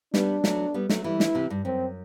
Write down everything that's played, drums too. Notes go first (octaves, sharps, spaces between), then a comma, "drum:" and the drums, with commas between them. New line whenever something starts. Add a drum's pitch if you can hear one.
G3 B3 D4, drum: snare
F#3 A3, drum: snare
G3 B3
F#3 A3, drum: snare
E3 G3 E4
drum: snare
C3 E3
G2
F#2 C4